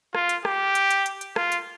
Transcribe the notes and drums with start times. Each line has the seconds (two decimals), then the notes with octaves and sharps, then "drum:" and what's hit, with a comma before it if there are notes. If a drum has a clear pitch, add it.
0.15 F4, drum: rim click
0.29 drum: hi-hat
0.45 G4, drum: rim click
0.75 drum: hi-hat
0.91 drum: hi-hat
1.06 drum: hi-hat
1.21 drum: hi-hat
1.36 F4, drum: rim click
1.52 drum: hi-hat